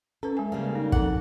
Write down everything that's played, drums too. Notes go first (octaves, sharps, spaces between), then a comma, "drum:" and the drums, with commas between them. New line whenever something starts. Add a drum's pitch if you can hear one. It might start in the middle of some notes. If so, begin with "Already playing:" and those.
C#4 A4 B4
G#3 G#5
C#3 G3 A#3
D#4
F3 C4 D#4 A4 F#5, drum: kick